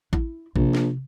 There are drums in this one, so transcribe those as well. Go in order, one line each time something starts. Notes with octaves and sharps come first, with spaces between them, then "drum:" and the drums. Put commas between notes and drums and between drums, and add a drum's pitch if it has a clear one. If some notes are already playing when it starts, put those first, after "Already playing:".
E4, drum: kick A1
A#1 C3, drum: kick A1
drum: snare